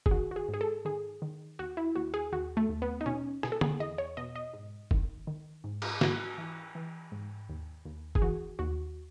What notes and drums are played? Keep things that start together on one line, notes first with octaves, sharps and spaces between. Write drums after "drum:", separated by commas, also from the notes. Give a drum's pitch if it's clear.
G#4, drum: kick
D#3 F#4
F#4
G#4
G#2
G#4
A4
D#3 G#4
D#3
D#2 F#4
E4
D#2 F#4
G#4
D#2 F#4
A3
D#2
B3
D#4
B2 C#4
B2 G#4, drum: rim click
A4
G#4, drum: tom
E2 D#5
C#5
B2 D#5
D#5
G#2
D#3, drum: kick
D#3
G#2
drum: cymbal
G#2 F#4, drum: snare
E3
E3
G#2
D#2
D#2
G#4, drum: kick
E3 F#4
D#2 F#4